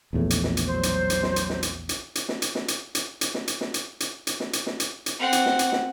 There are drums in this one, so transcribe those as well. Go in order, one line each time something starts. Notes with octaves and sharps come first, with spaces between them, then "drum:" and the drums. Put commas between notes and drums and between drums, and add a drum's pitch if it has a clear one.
A#1 E2 A2
drum: hi-hat
drum: snare
drum: hi-hat
F#3 C5
drum: hi-hat
drum: hi-hat
drum: snare
drum: hi-hat
drum: snare
drum: hi-hat
drum: hi-hat
drum: hi-hat
drum: snare
drum: hi-hat
drum: snare
drum: hi-hat
drum: hi-hat
drum: hi-hat
drum: snare
drum: hi-hat
drum: snare
drum: hi-hat
drum: hi-hat
drum: hi-hat
drum: snare
drum: hi-hat
drum: snare
drum: hi-hat
drum: hi-hat
C4 F#5
drum: hi-hat
drum: snare
drum: hi-hat
drum: snare